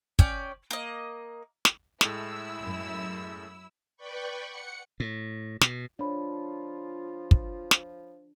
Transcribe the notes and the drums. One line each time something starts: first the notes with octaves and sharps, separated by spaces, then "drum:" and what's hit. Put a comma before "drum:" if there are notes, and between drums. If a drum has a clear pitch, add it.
C#4 D5 G5, drum: kick
A#3 D#5
drum: snare
A2 G#3 A3 E4 E6, drum: snare
F#2
B4 D5 G5 B5 C#6
F#5 C#7
A2
B2, drum: snare
F3 D4 F4 C#5 B5
drum: kick
drum: snare